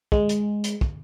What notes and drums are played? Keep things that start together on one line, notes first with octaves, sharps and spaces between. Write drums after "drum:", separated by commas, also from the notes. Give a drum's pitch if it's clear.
G#3, drum: kick
drum: hi-hat
drum: hi-hat
drum: kick